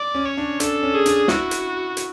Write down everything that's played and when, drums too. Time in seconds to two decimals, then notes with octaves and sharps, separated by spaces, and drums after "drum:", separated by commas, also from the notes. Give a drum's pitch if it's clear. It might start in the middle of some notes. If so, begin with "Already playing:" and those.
Already playing: D5
0.15 C#4
0.25 C#5
0.37 D4
0.60 D4 A4, drum: hi-hat
0.83 C#4
0.94 G#4
1.06 D4, drum: hi-hat
1.28 E4 F#4, drum: snare
1.51 drum: hi-hat
1.97 drum: hi-hat